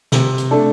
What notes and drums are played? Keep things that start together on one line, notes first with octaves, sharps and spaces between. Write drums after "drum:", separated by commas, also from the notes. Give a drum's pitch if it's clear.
C3, drum: snare
drum: hi-hat
A3 D4 A4